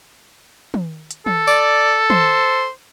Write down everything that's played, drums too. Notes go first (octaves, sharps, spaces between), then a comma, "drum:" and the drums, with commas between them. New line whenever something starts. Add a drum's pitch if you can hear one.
drum: tom
drum: hi-hat
A4, drum: tom
D5, drum: tambourine
C5, drum: tom